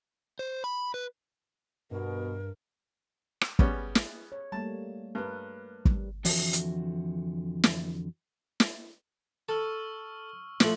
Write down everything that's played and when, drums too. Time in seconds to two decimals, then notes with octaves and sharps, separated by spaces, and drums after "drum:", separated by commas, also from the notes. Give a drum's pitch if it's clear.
0.39 C5
0.64 B5
0.94 B4
1.91 G2 B2 A#4
3.41 drum: rim click
3.59 G3 B3 C#4 G#4, drum: kick
3.95 drum: snare
4.32 C#5
4.52 G3 A3 A#3 A5
5.15 G2 A#4 B4
5.85 G3, drum: kick
6.25 F2 D3 E3 F3 F#4 E5, drum: open hi-hat
6.53 drum: hi-hat
7.64 drum: snare
8.60 drum: snare
9.49 A4 C#6 E6 F6
10.60 F3 A3 F#6 F#7, drum: snare